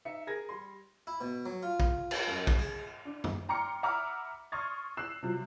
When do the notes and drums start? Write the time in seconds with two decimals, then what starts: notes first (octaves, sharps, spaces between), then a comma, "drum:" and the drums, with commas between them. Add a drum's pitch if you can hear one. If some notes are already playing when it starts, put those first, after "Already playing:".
0.05 D#4 E5 C#7
0.27 G#4 A#4 G#6 A#6
0.49 G3 C6
1.07 E4
1.21 B2
1.46 F#3
1.63 F4
1.80 drum: kick
2.11 drum: cymbal
2.27 F#2
2.47 drum: kick
2.59 G#4
3.05 D4
3.24 drum: tom F#2
3.49 G5 A#5 C6 D6 F6 C#7
3.83 E5 F#5 A#5 B5 D6 F6
4.52 C6 C#6 D#6 F6 G#6 A6
4.97 E6 F#6 C7 E7
5.23 C3 F3 F#3